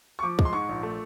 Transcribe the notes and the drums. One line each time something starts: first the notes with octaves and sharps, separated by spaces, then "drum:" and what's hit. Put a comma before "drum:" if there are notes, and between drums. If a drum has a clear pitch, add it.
C#6
F3 D6
G#3, drum: kick
C6
G#2 C#6
A#1
A3